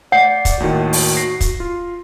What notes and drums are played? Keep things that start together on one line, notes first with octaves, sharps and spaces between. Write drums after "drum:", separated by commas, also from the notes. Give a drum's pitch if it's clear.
D5 F#5 G6 C#7
drum: kick, hi-hat
D#2 A2 D#3 F#4
drum: open hi-hat
A#6 C7
drum: kick, hi-hat
F4